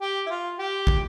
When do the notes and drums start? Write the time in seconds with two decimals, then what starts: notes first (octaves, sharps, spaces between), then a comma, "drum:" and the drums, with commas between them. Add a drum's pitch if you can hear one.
0.01 G4
0.27 E4
0.30 F4
0.59 G4
0.87 drum: kick